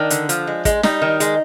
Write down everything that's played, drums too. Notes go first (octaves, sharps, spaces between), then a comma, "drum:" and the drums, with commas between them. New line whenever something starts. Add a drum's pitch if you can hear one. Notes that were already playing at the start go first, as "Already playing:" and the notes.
Already playing: D#3 D4
D3, drum: hi-hat
F3, drum: hi-hat
G#3
G#3, drum: kick, hi-hat
G3 D#4, drum: snare
D#3
G#3, drum: hi-hat